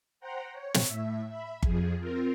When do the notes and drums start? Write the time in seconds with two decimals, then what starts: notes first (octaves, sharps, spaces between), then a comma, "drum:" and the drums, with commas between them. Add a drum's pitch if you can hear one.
0.20 C5 F#5 G5 A#5
0.52 C#5
0.74 drum: snare
0.87 A2 E5
1.28 E5 B5
1.63 F2 F3 G#4, drum: kick G1
1.99 C4 F4 A#4